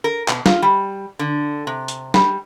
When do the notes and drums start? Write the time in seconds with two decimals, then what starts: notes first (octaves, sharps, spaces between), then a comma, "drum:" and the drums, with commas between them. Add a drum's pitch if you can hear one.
0.04 A#4
0.28 B2, drum: clap
0.46 F4, drum: snare
0.62 G3
1.19 D3
1.67 C3
1.88 drum: hi-hat
2.14 G3, drum: snare